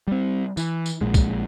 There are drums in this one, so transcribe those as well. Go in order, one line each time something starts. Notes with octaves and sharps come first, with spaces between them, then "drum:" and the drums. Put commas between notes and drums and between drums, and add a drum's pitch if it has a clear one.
G3 C4
E3, drum: tambourine
drum: tambourine
A#1 A#2 G#3
drum: kick, tambourine